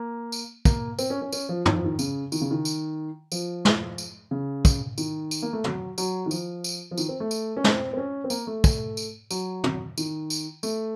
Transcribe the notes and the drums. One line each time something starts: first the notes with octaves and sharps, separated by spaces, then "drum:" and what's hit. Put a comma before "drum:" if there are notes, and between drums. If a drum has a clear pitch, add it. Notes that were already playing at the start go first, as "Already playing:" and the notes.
Already playing: A#3
drum: tambourine
A#3, drum: kick, tambourine
C4, drum: tambourine
C#4
C#4
C#4, drum: tambourine
F3
D#3, drum: tom
F3
D#3
C#3, drum: tambourine
D#3, drum: tambourine
C#3
D#3
drum: tambourine
F3, drum: tambourine
drum: snare
drum: tambourine
C#3
drum: kick, tambourine
D#3, drum: tambourine
drum: tambourine
A#3
A3
F#3, drum: tom
F#3, drum: tambourine
D#3
F3, drum: tambourine
drum: tambourine
F3
D#3, drum: tambourine
C4
A3
drum: tambourine
C#4
C4, drum: snare
C4
C#4
C4
A#3, drum: tambourine
A3
drum: kick, tambourine
drum: tambourine
F#3, drum: tambourine
drum: tom
D#3, drum: tambourine
drum: tambourine
A3, drum: tambourine